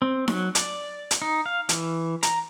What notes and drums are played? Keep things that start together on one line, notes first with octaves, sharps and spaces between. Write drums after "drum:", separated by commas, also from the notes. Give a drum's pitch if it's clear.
C4
F#3, drum: snare D#4
D5, drum: hi-hat
drum: hi-hat
D#4
F5
E3, drum: hi-hat
A#5, drum: hi-hat